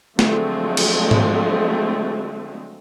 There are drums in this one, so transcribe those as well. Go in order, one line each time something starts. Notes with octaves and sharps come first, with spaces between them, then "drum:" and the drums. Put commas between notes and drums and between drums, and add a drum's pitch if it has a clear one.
D3 F3 F#3 G#3 A3 C4, drum: snare
drum: cymbal
drum: tom